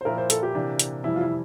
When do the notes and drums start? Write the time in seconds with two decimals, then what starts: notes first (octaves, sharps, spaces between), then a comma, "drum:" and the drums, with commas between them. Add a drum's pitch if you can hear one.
0.01 C5
0.05 A#2 F3 A#3 E4 A#4
0.18 C5
0.30 A4, drum: hi-hat
0.43 G4
0.55 C3 E3 A#3 D4
0.79 drum: hi-hat
1.04 F2 C3 E3 G3 E4
1.16 F4
1.21 E4